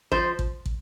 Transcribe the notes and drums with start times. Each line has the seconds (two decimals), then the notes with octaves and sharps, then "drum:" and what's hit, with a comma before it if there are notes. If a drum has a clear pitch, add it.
0.12 F3 C5, drum: kick
0.39 drum: kick
0.66 drum: kick